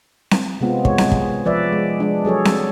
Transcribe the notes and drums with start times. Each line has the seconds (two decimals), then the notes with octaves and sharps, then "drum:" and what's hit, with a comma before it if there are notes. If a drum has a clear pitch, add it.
0.31 drum: snare C4
0.61 C3 G#3 B3 C4 F4
0.85 G#3 C#5, drum: kick
0.98 drum: snare C4
1.12 drum: kick
1.45 F3 B4 D5 E5
1.72 G#3
2.00 G#3 D4
2.25 F#3 G#4 A4 C#5
2.45 drum: snare C4